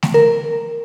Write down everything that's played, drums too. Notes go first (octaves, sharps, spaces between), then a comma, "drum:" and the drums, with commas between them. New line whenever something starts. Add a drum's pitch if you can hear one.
drum: snare A3
A#4